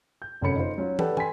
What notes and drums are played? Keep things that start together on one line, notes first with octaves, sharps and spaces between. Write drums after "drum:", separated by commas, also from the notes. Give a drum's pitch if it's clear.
G6
F1 F#2 D3 C#4 B5 C#7
D#4 F4 C5
F#3 C#4 F4
G4 A4 B4 D5 F#5 G5, drum: tom
G5 G#5 B5 C6 B6, drum: tom